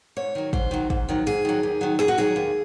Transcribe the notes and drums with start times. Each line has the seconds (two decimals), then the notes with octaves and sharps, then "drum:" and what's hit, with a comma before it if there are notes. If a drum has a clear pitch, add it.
0.16 G#2 C#5
0.35 D#3 F#3
0.53 G#2 C5, drum: kick
0.71 D#3 F#3
0.90 G#2, drum: kick
1.09 D#3 F#3
1.26 G#2 G#4
1.45 D#3 F#3
1.63 D#2
1.81 D#3 F#3
1.99 D#2 G#4, drum: snare
2.08 F#4
2.18 D#3 F#3 G#4
2.36 D#2